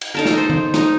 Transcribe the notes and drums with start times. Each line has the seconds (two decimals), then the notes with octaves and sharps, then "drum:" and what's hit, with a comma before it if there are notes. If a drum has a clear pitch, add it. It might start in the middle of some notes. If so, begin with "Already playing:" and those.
0.01 drum: cymbal
0.15 D#4 A4 A#4
0.25 drum: snare
0.38 C5
0.50 drum: tom D#3
0.74 D#4, drum: snare